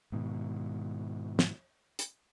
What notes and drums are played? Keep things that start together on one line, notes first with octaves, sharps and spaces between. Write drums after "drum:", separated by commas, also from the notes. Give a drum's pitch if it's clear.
G#2 B2 D#3
drum: snare
drum: hi-hat